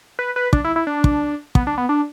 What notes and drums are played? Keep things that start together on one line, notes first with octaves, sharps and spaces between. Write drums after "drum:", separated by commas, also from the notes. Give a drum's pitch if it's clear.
B4
B4
D4, drum: kick
E4
E4
D4
drum: kick
B3, drum: kick
D4
B3
D4